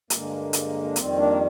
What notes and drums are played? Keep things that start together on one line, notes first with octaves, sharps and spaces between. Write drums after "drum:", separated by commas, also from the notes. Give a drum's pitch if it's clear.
G2 D3 G#3 A#3, drum: hi-hat
drum: hi-hat
D4
F2 D#3 G3 C4, drum: hi-hat
A#3 D4